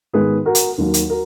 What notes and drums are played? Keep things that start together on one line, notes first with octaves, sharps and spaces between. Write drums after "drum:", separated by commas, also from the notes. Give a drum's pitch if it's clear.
G#2 D#3 G#3 B3 G#4 B4
F#4 A#4
drum: hi-hat
D#2 D#3 F#3 A#3
drum: hi-hat
F#4 A#4